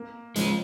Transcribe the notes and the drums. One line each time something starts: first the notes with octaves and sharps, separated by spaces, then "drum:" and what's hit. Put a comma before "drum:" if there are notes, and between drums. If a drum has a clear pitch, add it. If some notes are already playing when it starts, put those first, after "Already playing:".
Already playing: A#3
F3 G#3 C#4, drum: hi-hat